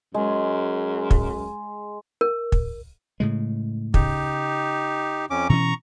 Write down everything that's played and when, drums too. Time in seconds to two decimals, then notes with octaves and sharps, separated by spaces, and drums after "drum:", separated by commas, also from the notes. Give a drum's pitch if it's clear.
0.14 F#2 G#3
1.11 drum: kick
2.21 A#4
2.52 drum: kick
3.20 A2 C#3 G#3
3.94 C#3 D#4 G4, drum: kick
5.30 F2 C#4 D6
5.50 B2 E3 C#4 A#5 C#6